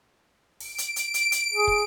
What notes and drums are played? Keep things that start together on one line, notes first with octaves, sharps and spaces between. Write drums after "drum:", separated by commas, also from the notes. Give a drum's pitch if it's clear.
D7, drum: open hi-hat
drum: hi-hat
drum: hi-hat
drum: hi-hat
drum: hi-hat
G#4
drum: kick